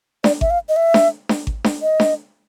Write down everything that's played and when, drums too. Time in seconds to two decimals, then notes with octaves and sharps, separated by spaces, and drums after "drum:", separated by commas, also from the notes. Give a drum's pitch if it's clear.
0.24 D5, drum: snare D4
0.41 E5, drum: kick G#1
0.50 F5
0.69 D#5
0.76 E5
0.94 drum: snare D4
1.29 drum: snare D4
1.47 drum: kick G#1
1.64 drum: snare D4
1.82 D#5
2.00 drum: snare D4